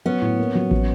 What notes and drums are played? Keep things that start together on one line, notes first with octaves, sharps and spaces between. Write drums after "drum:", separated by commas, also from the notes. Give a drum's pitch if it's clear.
F#3 B3 C#4
A2
A#3
F#3
F#3, drum: kick A1